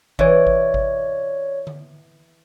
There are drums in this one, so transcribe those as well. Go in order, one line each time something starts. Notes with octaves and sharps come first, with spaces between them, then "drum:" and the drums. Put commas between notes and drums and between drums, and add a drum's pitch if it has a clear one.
E3 C#5 D5, drum: kick G#1
drum: kick G#1
drum: kick G#1
drum: tom D3